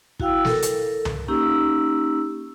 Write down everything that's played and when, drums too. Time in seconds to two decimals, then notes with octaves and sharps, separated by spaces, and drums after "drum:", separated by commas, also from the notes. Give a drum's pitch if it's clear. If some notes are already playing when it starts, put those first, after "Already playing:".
0.20 E4 F#4 F5 G5 E6, drum: kick
0.45 A4 A#4, drum: snare
0.62 drum: hi-hat
1.05 drum: tom C2
1.28 A#3 C#4 D#4 G4 E6